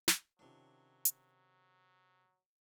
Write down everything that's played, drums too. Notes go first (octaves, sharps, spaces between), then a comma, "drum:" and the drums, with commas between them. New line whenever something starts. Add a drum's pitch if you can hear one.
drum: snare
C3 D#3 F#3 C#4 D4 F4
drum: hi-hat